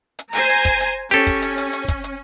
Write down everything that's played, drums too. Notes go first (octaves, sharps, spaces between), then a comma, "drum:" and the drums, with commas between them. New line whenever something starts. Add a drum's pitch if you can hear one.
drum: hi-hat
C5 G#5 A#5, drum: hi-hat
drum: hi-hat
drum: kick, hi-hat
drum: hi-hat
C#4 G4 A4, drum: hi-hat
drum: kick, hi-hat
drum: hi-hat
drum: hi-hat
drum: hi-hat
drum: kick, hi-hat
drum: hi-hat